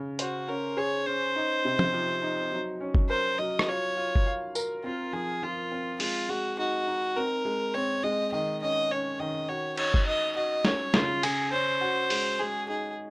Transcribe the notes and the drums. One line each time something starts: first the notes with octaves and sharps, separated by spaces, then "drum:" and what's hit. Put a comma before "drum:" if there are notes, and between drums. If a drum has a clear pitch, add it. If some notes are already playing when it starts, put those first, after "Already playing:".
Already playing: C#3
F#4 C5, drum: hi-hat
C#4 A#4
G#4 C#5
C#4 C5
D#4
C3
drum: tom
F3
D#4
F#3
C#4
drum: kick F#1
A#4 C5
F#3 D#5
drum: rim click
F4 C#5
F4
drum: kick F#1
F5
A#4, drum: tambourine
C4 F4
F3 G#4
F3 F4
C4
G#3 F4, drum: open hi-hat
G#3 F#4
D#4 F#4
D#4
C4 A#4
G#3
C4 C#5
G#3 D#5
D#3 D#5
C#4 D#5
C#4 C#5
D#3 D#5
F#4 C#5
D#4 C#5, drum: cymbal
drum: kick F#1
D#4 D#5
F#4 D#5
C#4 C#5, drum: snare
C#3 F4, drum: snare
C#3 G#4, drum: cymbal
C#4 C5
F#4
G#3, drum: open hi-hat
G#3 G#4
D#4 G#4